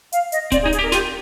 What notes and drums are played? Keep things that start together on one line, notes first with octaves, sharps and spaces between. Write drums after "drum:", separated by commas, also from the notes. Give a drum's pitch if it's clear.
F5, drum: hi-hat
D#5, drum: hi-hat
C4 D5, drum: kick D1, hi-hat
G#4
D#4
G#4, drum: hi-hat
G4
A#4
F4 G4, drum: snare